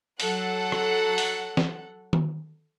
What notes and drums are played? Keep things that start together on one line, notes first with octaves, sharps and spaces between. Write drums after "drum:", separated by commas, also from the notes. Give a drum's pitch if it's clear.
F#3 A4 F#5, drum: open hi-hat
drum: rim click
drum: open hi-hat
drum: snare
drum: tom D#3